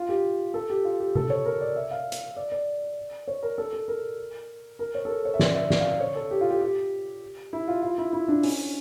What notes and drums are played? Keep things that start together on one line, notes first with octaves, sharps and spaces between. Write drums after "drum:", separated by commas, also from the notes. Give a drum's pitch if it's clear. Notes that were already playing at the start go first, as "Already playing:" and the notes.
Already playing: F4
G4
A4
G4
F4
G4
A4, drum: tom C3
C#5
A#4
D5
E5
F5
drum: hi-hat
D5
D5
C#5
A#4
A4
A4
A#4
A#4
C#5
A4
A#4
C#5
E5
D5, drum: snare
E5
D5, drum: snare
F5
C#5
A4
G4
F4
G4
G4
E4
F4
F4
E4
E4
D4
C#4, drum: open hi-hat